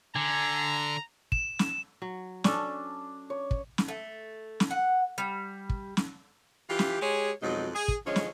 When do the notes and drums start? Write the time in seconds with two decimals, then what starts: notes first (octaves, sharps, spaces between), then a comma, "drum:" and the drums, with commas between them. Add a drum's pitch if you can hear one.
0.15 D3 G#5 A#5
1.32 E7, drum: kick
1.59 drum: snare
2.02 F#3
2.44 C#4 D4 A4, drum: snare
3.30 C#5
3.51 drum: kick
3.78 drum: snare
3.88 A3
4.60 drum: snare
4.71 F#5
5.18 G3
5.69 drum: kick
5.97 drum: snare
6.68 E3 F4 G4
6.79 drum: snare
7.01 G#3 G4 G#4 C#5
7.42 F2 B2 F#3 G#3 D#4
7.75 G#4
7.88 drum: kick
8.05 D3 F3 G#3 C#4 C#5
8.16 drum: snare